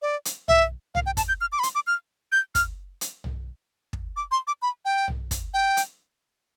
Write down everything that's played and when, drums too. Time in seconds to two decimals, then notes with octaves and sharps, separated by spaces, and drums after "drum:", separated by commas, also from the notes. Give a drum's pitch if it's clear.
0.02 D5
0.25 drum: hi-hat
0.48 E5, drum: tom B1
0.95 F5, drum: tom B1
1.06 G5
1.17 A5, drum: kick, hi-hat
1.28 G6
1.41 F6
1.52 D6
1.59 B5
1.63 C6, drum: hi-hat
1.75 D6
1.87 F6
2.32 G6
2.55 F6, drum: kick, hi-hat
3.01 drum: hi-hat
3.24 drum: tom B1
3.93 drum: kick
4.16 D6
4.31 C6
4.47 D6
4.62 B5
4.85 G5
5.08 drum: tom B1
5.31 drum: kick, hi-hat
5.54 G5
5.77 drum: hi-hat